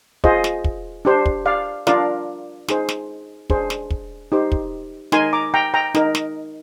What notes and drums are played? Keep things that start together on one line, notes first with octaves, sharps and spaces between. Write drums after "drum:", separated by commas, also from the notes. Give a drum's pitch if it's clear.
F4 G#4 C5 D#5, drum: kick
drum: snare
drum: kick
D4 G4 C5
drum: kick
D5 F5
D4 F4 A#4 D5 F5, drum: snare
D#4 G#4 C5, drum: snare
drum: snare
D4 G#4 C5, drum: kick
drum: snare
drum: kick
D#4 G4 C5
drum: kick
D#4 A#4 G#5 C6, drum: snare
A#5 D6
G5 A#5
G5 A#5
D#4 A#4, drum: snare
drum: snare